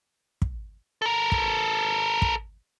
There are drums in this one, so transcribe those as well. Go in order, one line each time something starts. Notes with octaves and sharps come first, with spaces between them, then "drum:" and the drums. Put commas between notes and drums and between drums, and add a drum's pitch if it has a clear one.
drum: kick
A4 A#4
drum: kick
drum: kick